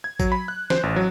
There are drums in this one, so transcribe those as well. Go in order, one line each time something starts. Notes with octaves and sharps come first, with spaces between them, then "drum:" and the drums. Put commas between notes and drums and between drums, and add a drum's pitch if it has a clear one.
G#6
F#3, drum: kick, tambourine
B5
F#6
C5, drum: snare
A1
F#3